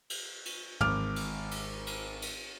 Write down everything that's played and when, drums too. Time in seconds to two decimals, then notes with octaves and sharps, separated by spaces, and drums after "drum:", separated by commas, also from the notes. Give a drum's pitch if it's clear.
0.10 drum: cymbal
0.45 drum: cymbal
0.81 G#1 D6 F6, drum: tom
1.16 drum: cymbal
1.51 drum: cymbal
1.87 drum: cymbal
2.22 drum: cymbal